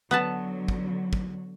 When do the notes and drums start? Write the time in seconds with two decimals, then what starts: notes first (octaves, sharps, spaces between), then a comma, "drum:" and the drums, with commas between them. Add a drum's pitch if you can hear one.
0.11 D3 F#3 B3 B4 A5
0.68 drum: kick
1.13 drum: kick